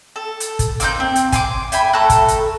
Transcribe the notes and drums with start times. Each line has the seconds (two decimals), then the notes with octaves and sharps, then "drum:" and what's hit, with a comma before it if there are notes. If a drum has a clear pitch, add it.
0.16 A4
0.40 drum: hi-hat
0.59 drum: kick, hi-hat
0.80 A#3 C4 D#4 G6, drum: hi-hat
1.00 C4
1.16 drum: hi-hat
1.32 G#5 C6 D6, drum: kick, hi-hat
1.72 E5 G5 G#5 B5, drum: hi-hat
1.93 A3 A4 A#5 F#6
2.10 drum: kick, hi-hat
2.28 drum: hi-hat